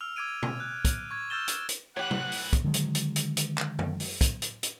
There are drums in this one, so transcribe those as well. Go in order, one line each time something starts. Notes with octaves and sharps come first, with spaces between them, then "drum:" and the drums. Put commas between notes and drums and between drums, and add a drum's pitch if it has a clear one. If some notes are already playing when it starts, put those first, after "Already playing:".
E6 F6 F7
D6 E6 G#6 D7 D#7
drum: tom B2
F#6
drum: kick, hi-hat
C#6 G#6
E6 F6 G6 A6 E7 G7
drum: hi-hat
drum: hi-hat
A2 E3 G4 C#5 F#5 F#6
drum: tom C3
drum: open hi-hat
drum: kick, hi-hat
D3 D#3 F#3 G#3
drum: hi-hat
drum: hi-hat
drum: hi-hat
drum: hi-hat
drum: clap
drum: tom
drum: open hi-hat
drum: kick, hi-hat
drum: hi-hat
drum: hi-hat